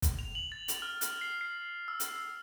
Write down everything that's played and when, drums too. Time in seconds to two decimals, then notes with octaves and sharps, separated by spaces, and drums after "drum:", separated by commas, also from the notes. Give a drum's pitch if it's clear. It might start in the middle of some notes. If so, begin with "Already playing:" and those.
0.02 drum: kick, hi-hat
0.19 F7
0.35 F#7
0.52 A6
0.68 drum: hi-hat
0.82 F6
1.01 drum: hi-hat
1.21 C7
1.41 C7
1.88 E6
2.00 drum: hi-hat